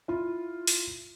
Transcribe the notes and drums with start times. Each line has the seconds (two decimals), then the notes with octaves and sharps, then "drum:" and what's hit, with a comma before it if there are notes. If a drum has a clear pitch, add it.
0.08 E4 F4
0.67 drum: open hi-hat